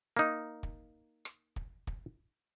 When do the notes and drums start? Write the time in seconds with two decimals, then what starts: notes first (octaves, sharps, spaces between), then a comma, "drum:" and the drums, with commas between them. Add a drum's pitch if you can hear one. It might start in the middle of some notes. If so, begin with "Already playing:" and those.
0.17 A#3 D#4
0.63 drum: kick
1.25 drum: rim click
1.56 drum: kick
1.87 drum: kick